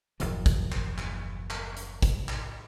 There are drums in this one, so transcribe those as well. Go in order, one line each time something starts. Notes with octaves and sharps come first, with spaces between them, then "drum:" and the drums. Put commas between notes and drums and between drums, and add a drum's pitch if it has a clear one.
F#1 D#2 A2 F3, drum: hi-hat
drum: kick, hi-hat
drum: clap
drum: clap
drum: clap
drum: hi-hat
drum: kick, hi-hat
drum: clap